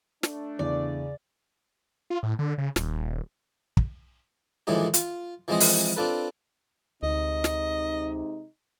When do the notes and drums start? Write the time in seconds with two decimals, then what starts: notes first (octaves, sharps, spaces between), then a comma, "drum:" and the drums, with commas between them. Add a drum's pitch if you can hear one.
0.23 A3 D4, drum: snare
0.59 E2 C#3 D5
2.10 F4
2.23 A2
2.39 D3
2.58 C#3
2.76 D#1, drum: snare
3.77 drum: kick
4.67 D#2 A2 E3 F3 G#3 G4
4.94 F4, drum: hi-hat
5.48 E3 F3 G#3 C4 C5 D#5
5.60 drum: open hi-hat
5.96 C4 D4 F4 A4 B4
7.03 D2 C3 G#3 D#4 D#5
7.44 drum: snare